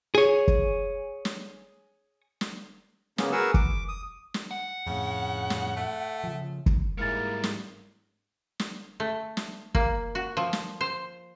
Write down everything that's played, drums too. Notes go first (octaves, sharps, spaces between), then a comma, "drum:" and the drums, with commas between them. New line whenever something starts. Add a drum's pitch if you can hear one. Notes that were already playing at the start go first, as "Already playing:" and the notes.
G#4 C#5
drum: kick
drum: snare
drum: snare
C#3 A#3 B3 C#4, drum: snare
F#4 G#4 A#4 B4 F#5 E6
D6, drum: kick
D#6
drum: snare
F#5
F2 A2 C#3
drum: snare
A3
C#3 F3
drum: kick
G#2 G3 G#3 A#3 E4 F6 A6 C#7
drum: snare
drum: snare
A3
drum: snare
A#3, drum: kick
F#4
F3
drum: snare
C5